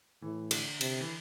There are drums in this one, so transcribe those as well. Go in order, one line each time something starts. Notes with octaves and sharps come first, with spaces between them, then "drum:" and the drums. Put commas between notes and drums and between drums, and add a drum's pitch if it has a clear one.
A2 E3
D3, drum: cymbal
C3, drum: cymbal
E3